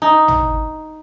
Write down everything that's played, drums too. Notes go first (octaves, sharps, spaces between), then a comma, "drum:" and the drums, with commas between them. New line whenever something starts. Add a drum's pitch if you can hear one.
D#4
drum: tom G#1